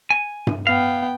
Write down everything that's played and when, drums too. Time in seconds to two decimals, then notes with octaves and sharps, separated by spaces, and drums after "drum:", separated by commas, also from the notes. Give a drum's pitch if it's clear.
0.10 G#5
0.47 drum: tom G2
0.67 B3 F5 G5